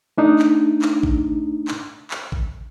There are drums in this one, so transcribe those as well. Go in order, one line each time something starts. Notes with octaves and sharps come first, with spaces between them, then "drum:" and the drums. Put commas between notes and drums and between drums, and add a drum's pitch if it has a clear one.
A3 D4 D#4
drum: clap
drum: clap
drum: kick A1
drum: clap
drum: clap
drum: kick A1